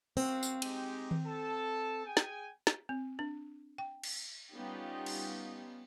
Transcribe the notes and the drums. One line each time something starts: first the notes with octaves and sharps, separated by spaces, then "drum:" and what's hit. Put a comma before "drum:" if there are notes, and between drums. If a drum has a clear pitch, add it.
F#2 C4 F#4 F5, drum: open hi-hat
drum: tambourine
G#3 D#4 G4, drum: cymbal
drum: tom D#3
A4 A5
G#4 G5 G#5
drum: snare
drum: snare
C4
D4
G5
drum: cymbal
G3 B3 C#4 D#4 F4 G4
drum: cymbal